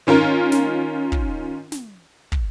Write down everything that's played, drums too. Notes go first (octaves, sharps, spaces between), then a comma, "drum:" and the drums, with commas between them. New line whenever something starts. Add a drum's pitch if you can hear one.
D#3 C#4 F4 A#4
drum: snare
drum: kick
drum: snare
drum: kick